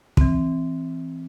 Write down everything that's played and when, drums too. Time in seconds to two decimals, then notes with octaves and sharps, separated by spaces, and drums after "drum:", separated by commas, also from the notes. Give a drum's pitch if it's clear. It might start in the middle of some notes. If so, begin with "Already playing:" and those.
0.17 E3 C4, drum: kick